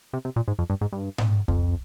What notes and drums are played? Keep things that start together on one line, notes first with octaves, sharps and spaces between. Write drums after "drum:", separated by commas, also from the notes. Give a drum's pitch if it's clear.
C3
C3
A#2
G#2
F2
G2
G#2
G2
drum: tom G#2
F2, drum: kick C2